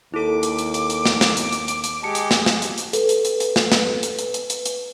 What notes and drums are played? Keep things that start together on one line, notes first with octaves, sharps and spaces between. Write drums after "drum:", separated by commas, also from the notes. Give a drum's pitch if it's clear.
D#2 E4 A4 D6
drum: hi-hat
drum: hi-hat
drum: hi-hat
drum: hi-hat
drum: snare
drum: snare
drum: hi-hat
drum: hi-hat
drum: hi-hat
drum: hi-hat
G#3 G4 A5 C#7
drum: hi-hat
drum: snare
drum: snare
drum: hi-hat
drum: hi-hat
A4 B4, drum: hi-hat
drum: hi-hat
drum: hi-hat
drum: hi-hat
drum: snare
drum: snare
drum: hi-hat
drum: hi-hat
drum: hi-hat
drum: hi-hat
drum: hi-hat